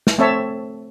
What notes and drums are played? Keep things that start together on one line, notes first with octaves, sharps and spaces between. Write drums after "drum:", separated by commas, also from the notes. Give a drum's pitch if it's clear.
drum: snare
A3 C4 A4 C#5 E5 A5